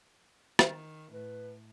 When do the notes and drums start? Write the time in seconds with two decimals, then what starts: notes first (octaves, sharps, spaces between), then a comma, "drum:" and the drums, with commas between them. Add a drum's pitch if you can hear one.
0.59 D#3, drum: rim click
1.13 A2 B4